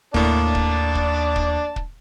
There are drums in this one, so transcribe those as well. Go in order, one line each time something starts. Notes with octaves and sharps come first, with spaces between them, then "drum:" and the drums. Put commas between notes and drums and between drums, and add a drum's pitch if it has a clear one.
D#2 A2 A#3 D4 D5 A5, drum: kick
drum: kick
drum: kick
drum: kick
drum: kick